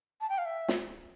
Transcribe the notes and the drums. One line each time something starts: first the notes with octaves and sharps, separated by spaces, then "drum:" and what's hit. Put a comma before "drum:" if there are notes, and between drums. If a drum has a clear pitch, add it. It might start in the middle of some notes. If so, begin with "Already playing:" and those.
A5
G5
F5
E5
drum: snare